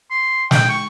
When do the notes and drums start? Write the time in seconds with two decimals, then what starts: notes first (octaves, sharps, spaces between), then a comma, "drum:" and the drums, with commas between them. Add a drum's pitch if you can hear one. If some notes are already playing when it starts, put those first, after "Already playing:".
0.11 C6
0.51 G5, drum: snare
0.69 C#6